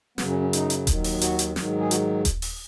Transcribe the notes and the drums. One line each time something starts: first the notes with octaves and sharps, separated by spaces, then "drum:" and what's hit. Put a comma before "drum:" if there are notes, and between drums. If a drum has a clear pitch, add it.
F#2 C#3 F#3 B3, drum: snare
C#4
C#4
D#4, drum: hi-hat
drum: hi-hat
D#2 D#3 F#3, drum: kick D#1, hi-hat
drum: open hi-hat
F#4, drum: hi-hat
drum: hi-hat
G#2 D#3 F#3, drum: snare
G#4
F#4, drum: hi-hat
drum: kick D#1, hi-hat
drum: open hi-hat